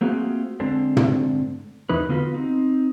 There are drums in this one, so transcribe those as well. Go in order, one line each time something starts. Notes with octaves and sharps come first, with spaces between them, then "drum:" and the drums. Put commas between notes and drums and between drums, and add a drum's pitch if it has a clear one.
A3 A#3 C4 F4 F#4 G#4
D3 G#3 C4 D4 A4 C5
drum: tom
E2 E3 D#4 B4
D3 B3 F4 F#4 A4 B4
C4 D#4